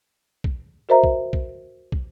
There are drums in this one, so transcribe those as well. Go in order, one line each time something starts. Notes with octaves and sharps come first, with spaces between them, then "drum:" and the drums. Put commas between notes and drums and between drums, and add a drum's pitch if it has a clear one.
drum: kick
F#4 A#4 C5 D#5 E5 A#5
drum: kick
drum: kick
drum: kick